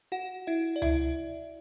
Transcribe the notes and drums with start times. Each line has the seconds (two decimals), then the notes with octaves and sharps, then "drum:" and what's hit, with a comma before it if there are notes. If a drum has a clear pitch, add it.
0.12 F#4 F#5
0.47 E4 E5
0.76 D5
0.82 E4 E5, drum: tom C#2